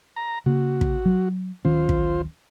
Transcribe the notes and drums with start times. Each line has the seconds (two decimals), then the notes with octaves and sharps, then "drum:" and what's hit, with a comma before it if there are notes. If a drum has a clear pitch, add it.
0.16 A#5
0.46 C#3 A#3 F#4
0.81 drum: kick
1.06 F#3
1.65 D1 D#3 C#4 F4 C5
1.89 drum: kick